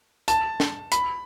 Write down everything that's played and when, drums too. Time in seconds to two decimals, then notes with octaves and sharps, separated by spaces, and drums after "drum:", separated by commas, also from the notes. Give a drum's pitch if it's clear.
0.28 A5, drum: hi-hat
0.60 drum: snare
0.92 B5, drum: hi-hat